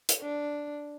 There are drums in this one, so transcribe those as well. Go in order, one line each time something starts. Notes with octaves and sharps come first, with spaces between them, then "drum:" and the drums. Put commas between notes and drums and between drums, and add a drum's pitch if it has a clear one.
drum: hi-hat
D4